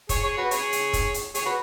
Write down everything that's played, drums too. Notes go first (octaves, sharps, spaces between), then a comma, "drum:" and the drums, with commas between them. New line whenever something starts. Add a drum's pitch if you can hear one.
G#4 C#5, drum: kick, hi-hat
G#4 C#5
F#4 B4
G#4 C#5, drum: hi-hat
drum: hi-hat
drum: kick, hi-hat
drum: hi-hat
G#4 C#5, drum: hi-hat
F#4 B4